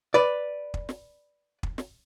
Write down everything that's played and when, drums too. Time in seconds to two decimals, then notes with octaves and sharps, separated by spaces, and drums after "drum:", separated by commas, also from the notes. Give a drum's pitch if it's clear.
0.14 B4 D5
0.74 drum: kick
0.89 drum: snare
1.63 drum: kick
1.78 drum: snare